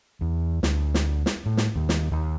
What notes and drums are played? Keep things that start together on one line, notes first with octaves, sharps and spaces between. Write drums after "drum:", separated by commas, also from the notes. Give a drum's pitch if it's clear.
E2
D2, drum: snare
drum: snare
drum: snare
A2
drum: snare
D#2
drum: snare
D#2